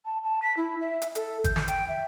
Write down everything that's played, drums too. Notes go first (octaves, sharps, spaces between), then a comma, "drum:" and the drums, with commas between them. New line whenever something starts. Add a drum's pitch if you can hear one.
A5
A5
B6
E4
E5
drum: hi-hat
A4, drum: hi-hat
G6, drum: kick G#1, hi-hat
drum: snare
G5, drum: hi-hat
E5